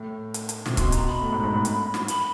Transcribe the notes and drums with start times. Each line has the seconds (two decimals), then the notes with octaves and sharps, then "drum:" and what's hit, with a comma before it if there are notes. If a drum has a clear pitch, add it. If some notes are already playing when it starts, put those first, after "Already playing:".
Already playing: A2
0.34 drum: hi-hat
0.49 drum: hi-hat
0.66 C3, drum: snare
0.77 B2 C6, drum: kick, hi-hat
0.92 A#5, drum: hi-hat
0.99 B2
1.07 B5
1.21 A2
1.33 G#2
1.44 G#2
1.53 A2
1.65 drum: hi-hat
1.94 drum: snare
2.08 B5, drum: hi-hat